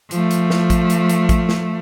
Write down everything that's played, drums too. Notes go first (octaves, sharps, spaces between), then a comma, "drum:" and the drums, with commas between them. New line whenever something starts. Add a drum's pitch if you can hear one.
F3 A3, drum: hi-hat
drum: hi-hat
drum: snare
drum: kick, hi-hat
drum: hi-hat
drum: hi-hat
drum: kick, hi-hat
drum: snare